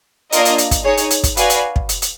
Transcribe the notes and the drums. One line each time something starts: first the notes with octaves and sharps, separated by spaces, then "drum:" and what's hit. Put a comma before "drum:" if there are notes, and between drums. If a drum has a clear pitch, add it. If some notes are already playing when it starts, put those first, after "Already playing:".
A#3 D4 F4 A#4 D#5, drum: hi-hat
drum: hi-hat
drum: hi-hat
drum: kick, hi-hat
D#4 G#4 C#5
drum: hi-hat
drum: hi-hat
drum: kick, hi-hat
F#4 B4 D5 F5 G#5, drum: hi-hat
drum: hi-hat
drum: kick
drum: hi-hat
drum: hi-hat